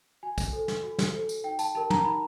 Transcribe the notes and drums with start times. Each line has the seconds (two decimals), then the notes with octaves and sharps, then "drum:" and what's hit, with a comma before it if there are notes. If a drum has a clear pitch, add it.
0.23 F#4 G#5
0.38 drum: kick, tambourine
0.53 A4 C5
0.68 drum: snare
0.83 F#4
0.99 drum: snare
1.14 A4 C5
1.29 drum: tambourine
1.44 D#4 G5
1.59 A5, drum: tambourine
1.74 G4 A#4 A5
1.90 A#5, drum: tom
2.04 D#4 B5